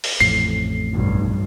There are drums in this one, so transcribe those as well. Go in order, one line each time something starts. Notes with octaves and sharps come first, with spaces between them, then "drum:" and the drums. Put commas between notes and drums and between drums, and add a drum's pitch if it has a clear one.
drum: open hi-hat
A1 F2 A2 C7
B1 G2